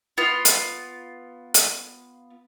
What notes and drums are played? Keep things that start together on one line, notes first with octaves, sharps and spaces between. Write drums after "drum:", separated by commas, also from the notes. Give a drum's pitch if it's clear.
B3 F4
drum: hi-hat
drum: hi-hat